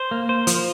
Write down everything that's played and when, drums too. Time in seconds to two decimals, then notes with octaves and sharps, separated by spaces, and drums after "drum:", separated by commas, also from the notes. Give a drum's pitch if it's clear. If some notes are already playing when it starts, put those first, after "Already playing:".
Already playing: C5
0.11 A#3
0.29 C5
0.47 F3, drum: hi-hat